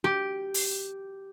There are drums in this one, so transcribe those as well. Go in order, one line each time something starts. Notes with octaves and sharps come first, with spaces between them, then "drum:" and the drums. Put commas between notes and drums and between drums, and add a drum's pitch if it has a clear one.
G4
drum: open hi-hat